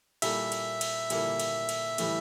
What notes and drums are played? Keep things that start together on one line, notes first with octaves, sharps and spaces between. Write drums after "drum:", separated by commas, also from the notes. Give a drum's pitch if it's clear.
A#2 G3 A#3 E4 A4 E5, drum: cymbal
drum: cymbal
drum: cymbal
A#2 G3 A#3 E4 A4, drum: cymbal
drum: cymbal
drum: cymbal
A2 E3 G3, drum: cymbal